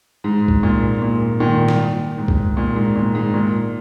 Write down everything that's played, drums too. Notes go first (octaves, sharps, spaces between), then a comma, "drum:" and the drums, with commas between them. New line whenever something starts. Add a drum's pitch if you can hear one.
G#2
drum: kick C2
A#2
A#2
A#2 D#3
drum: snare
G#2
drum: kick C2
A#2
G#2
A#2
G#2
A#2